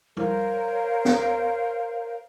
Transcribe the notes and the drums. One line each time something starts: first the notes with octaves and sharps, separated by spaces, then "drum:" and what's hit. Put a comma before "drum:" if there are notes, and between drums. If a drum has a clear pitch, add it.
A#4 C5 C#5 F5, drum: tom G3
drum: snare